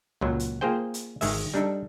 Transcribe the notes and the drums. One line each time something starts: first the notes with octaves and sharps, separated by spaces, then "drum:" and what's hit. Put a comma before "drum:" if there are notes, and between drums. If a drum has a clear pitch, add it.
C#2 A#2 F#3
drum: hi-hat
A#3 F4 G#4 C5 G5
drum: hi-hat
G#1 D#3 G#3 E5, drum: open hi-hat
G3 D4 D#4 A4